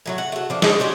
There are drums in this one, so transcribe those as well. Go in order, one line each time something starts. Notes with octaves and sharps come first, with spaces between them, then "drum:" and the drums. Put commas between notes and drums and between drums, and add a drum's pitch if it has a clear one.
A2 F#3 A3
F#5
A3 F#4
F3 D4
G#3, drum: snare
F#4 G4 C5 C#5